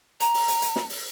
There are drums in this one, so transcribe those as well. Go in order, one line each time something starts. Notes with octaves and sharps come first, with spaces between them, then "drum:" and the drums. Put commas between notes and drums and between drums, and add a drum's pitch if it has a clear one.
A#5, drum: hi-hat
drum: open hi-hat
drum: hi-hat
drum: hi-hat
drum: snare
drum: open hi-hat